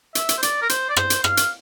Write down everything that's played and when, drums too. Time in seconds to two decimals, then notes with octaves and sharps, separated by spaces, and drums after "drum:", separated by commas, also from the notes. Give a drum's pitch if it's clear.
0.15 E5, drum: hi-hat
0.29 drum: hi-hat
0.38 C5
0.43 D5, drum: hi-hat
0.62 A#4
0.69 C5, drum: hi-hat
0.89 D5
0.96 C5, drum: rim click
1.10 drum: hi-hat
1.24 F5, drum: rim click
1.37 drum: hi-hat